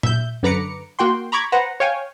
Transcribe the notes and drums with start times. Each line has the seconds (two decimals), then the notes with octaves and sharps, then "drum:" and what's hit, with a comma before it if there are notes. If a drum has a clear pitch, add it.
0.03 E5 G6, drum: tom A#2
0.43 F#2 D3 B4 A#5 D6 C#7
0.99 A#3 F#4 G5 C6
1.32 A#5 B5 C#6 D6 G#6
1.52 B4 C5 F#5 A#5
1.80 C#5 F5 G5 G#5